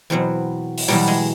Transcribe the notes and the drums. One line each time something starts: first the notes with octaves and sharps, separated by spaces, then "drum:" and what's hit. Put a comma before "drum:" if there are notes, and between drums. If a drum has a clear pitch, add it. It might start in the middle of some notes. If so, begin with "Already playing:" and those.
E2 B2 F#3 C4
drum: open hi-hat
E2 B2 F#3 G3
G#3